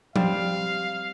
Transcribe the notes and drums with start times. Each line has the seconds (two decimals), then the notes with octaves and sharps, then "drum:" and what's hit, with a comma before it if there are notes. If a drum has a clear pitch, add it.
0.16 G3 C4 F5, drum: tom F3